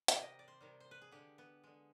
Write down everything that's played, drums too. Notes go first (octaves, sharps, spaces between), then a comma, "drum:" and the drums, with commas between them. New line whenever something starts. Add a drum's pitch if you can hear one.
C3 D#3 G3 G4, drum: hi-hat
D#5
D5
C5
C3 D#3 G3
C5
B4
G#4
D3 G#3 G4
B3
D3 G#3